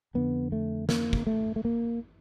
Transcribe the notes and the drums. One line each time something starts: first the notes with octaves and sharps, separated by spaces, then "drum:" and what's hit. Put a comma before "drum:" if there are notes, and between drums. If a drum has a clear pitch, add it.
F2 D3 B3
A3
A#3, drum: snare
drum: kick
A3
A3
A#3